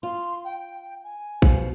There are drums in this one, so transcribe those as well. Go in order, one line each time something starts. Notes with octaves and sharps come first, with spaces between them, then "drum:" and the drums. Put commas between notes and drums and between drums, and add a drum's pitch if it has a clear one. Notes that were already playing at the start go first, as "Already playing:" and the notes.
F4 C6
G5
G#5
B2 F3, drum: kick A1